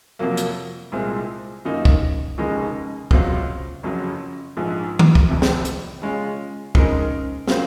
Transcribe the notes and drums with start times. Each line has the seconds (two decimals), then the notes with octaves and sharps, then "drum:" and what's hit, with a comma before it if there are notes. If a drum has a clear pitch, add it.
0.19 F2 C3 F#3 A#3
0.37 drum: hi-hat
0.92 C2 A#2 G#3 C4
1.65 F#2 D#3 A#3 D#4
1.85 drum: kick
2.38 F1 D#2 C#3 G#3 D#4
3.11 C#2 C3 F#3 C4 F4, drum: kick
3.83 F#1 F2 C#3 F#3
4.57 A#1 G#2 F3
4.99 drum: tom D#3
5.15 drum: kick
5.29 F1 F2 C3
5.42 drum: snare
5.65 drum: hi-hat
6.02 C#3 G#3 C#4 F4
6.75 C#3 G#3 C4 D#4 A#4, drum: kick
7.48 C#3 F#3 A#3 F4 C5, drum: snare